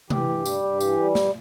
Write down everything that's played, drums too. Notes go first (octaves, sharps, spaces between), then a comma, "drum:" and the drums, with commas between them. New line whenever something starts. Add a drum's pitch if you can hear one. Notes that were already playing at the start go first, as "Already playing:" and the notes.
E3 G4, drum: tom C3
G2
G3, drum: tambourine
G2
E3, drum: tambourine
G3
G2, drum: snare